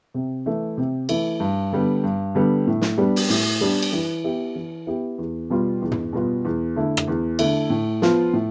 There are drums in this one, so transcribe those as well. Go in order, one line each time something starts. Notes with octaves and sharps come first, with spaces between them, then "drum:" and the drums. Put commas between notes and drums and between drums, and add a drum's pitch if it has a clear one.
C3
E3 A3 E4
C3
E3 A3 E4, drum: cymbal
G2
D3 G3 B3
G2
D3 G3 B3
A2
drum: snare
G3 B3 D4 G4
drum: open hi-hat
A2, drum: open hi-hat
G3 B3 D4 G4
drum: cymbal
E3
B3 E4 G4
E3
B3 E4 G4
E2
B2 G3 B3 F4
E2
drum: tom
B2 G3 B3 F4
E2
D3 A3 E4
drum: rim click
E2
D3 A3 E4, drum: cymbal
A2
F3 B3 F4, drum: snare
A2